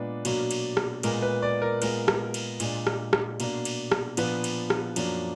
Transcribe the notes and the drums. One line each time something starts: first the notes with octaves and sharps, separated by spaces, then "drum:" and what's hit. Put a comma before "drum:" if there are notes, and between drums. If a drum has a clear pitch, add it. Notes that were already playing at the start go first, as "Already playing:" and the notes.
Already playing: A#2 G#3 B3 D4 B4
B2 F#3 A#3 D4, drum: cymbal
drum: cymbal
drum: rim click
A#2 G#3 B3 A#4, drum: cymbal
B4
D5
A#4
A#2 G#3 B3 A#4, drum: cymbal
drum: rim click
drum: cymbal
A#2 G#3 D4, drum: cymbal
drum: rim click
drum: rim click
B2 A#3 D4, drum: cymbal
drum: cymbal
drum: rim click
A#2 F3 B3 D4 B4, drum: cymbal
drum: cymbal
drum: rim click
F#2 F3 A#3 D4, drum: cymbal